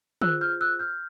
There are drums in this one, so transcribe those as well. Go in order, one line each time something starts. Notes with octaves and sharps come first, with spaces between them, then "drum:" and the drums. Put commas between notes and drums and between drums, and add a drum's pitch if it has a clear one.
F4 G#4 C5 E6 F#6, drum: tom
F6 G6
E6 F#6
F6 G6